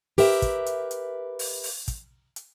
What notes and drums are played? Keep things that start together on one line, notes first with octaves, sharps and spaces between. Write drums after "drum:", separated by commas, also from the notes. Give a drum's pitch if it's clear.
G4 A#4 B4 E5, drum: open hi-hat
drum: kick, hi-hat
drum: hi-hat
drum: hi-hat
drum: open hi-hat
drum: open hi-hat
drum: kick, hi-hat
drum: hi-hat